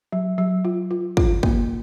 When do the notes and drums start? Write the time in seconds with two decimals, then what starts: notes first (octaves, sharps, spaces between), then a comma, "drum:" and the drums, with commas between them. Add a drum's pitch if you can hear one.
0.12 F#3
0.38 F#3
0.65 F4
0.91 F4
1.17 F4, drum: kick
1.43 A#3, drum: kick